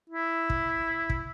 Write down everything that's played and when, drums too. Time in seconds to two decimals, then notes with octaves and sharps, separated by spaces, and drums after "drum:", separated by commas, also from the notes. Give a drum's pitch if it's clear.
0.10 E4
0.50 drum: kick
1.10 drum: kick